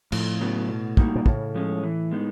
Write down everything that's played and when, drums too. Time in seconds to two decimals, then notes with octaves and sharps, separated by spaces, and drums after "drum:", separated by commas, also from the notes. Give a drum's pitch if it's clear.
0.12 F2 A2, drum: cymbal
0.40 C#3 F#3 B3
0.69 B2
0.97 G3 A#3 D#4 F#4, drum: kick
1.15 A#2
1.26 A2 C#3, drum: kick
1.54 F3 G#3 C#4
1.83 E3
2.11 G#3 B3 D#4